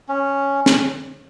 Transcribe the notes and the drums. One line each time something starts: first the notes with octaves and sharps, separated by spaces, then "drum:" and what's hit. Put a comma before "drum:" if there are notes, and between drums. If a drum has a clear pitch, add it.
C#4
drum: snare